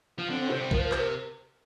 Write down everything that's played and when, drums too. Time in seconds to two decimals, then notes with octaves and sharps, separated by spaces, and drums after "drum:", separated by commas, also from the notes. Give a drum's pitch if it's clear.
0.18 F3
0.29 D3 C4
0.39 C4
0.50 C3 C5
0.61 G3
0.71 F3 A#4, drum: kick A#1
0.79 C5
0.85 A#4
0.92 C3 C5, drum: clap
0.99 A#4